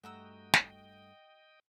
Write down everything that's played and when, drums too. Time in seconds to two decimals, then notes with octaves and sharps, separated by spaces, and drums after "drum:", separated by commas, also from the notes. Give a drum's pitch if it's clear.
0.04 G2 A3 F#4 D#5 G5 A#5 E6
0.54 drum: snare